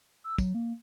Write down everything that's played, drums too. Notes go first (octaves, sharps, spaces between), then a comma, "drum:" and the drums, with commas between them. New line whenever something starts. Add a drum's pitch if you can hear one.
E6
F#3, drum: kick, tambourine
A#3